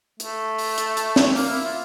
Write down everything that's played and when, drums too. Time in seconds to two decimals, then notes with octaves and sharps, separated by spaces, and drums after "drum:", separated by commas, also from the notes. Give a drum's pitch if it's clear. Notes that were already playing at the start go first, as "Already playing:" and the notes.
0.20 A3, drum: hi-hat
0.58 drum: open hi-hat
0.78 drum: hi-hat
0.97 drum: hi-hat
1.16 drum: snare
1.35 A#3, drum: open hi-hat
1.50 E4
1.64 F4